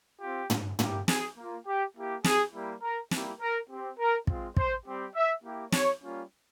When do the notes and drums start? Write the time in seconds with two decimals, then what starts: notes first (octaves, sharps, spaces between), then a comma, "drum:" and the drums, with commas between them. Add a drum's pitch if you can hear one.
0.20 C4 F4 G4
0.50 drum: tom
0.79 A#3 E4 G4, drum: tom
1.08 G#4, drum: snare
1.37 A#3 F4
1.66 G4
1.95 A#3 E4 G4
2.24 G#4, drum: snare
2.53 G3 A#3 E4 G4
2.82 A#4
3.11 G3 A#3 E4 G4, drum: snare
3.41 A#4
3.70 C4 G4
3.99 A#4
4.27 G#3 C4 F4, drum: kick
4.57 C5, drum: kick
4.86 G3 C4 G4
5.15 E5
5.44 A#3 E4 G4
5.72 C#5, drum: snare
6.02 G3 A#3 C#4 F4